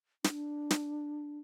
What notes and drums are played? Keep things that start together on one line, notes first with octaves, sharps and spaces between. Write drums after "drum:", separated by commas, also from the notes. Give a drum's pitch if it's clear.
D4, drum: snare
drum: snare